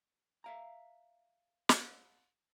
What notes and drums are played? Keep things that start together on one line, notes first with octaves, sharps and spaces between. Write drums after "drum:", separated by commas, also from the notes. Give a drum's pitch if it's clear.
E5 F5 A#5
drum: snare